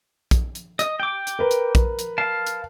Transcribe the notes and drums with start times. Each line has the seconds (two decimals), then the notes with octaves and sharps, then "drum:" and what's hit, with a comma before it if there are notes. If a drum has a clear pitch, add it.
0.31 drum: kick, hi-hat
0.55 drum: hi-hat
0.79 D#5, drum: hi-hat
1.00 G5 D6
1.27 drum: hi-hat
1.39 A#4 B4
1.51 drum: hi-hat
1.75 drum: kick, hi-hat
1.99 drum: hi-hat
2.18 F5 A5
2.47 drum: hi-hat